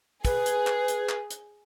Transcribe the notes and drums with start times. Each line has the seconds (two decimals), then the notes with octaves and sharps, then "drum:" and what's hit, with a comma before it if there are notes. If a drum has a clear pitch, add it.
0.25 G#4 B4, drum: kick, hi-hat
0.46 drum: hi-hat
0.67 drum: clap
0.88 drum: hi-hat
1.09 drum: clap
1.30 drum: hi-hat